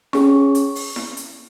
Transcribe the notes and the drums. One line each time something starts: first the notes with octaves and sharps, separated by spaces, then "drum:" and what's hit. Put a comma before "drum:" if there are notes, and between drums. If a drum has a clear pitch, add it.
C#4 G#4 C#6, drum: snare E4
drum: hi-hat
drum: open hi-hat
drum: snare E4
drum: hi-hat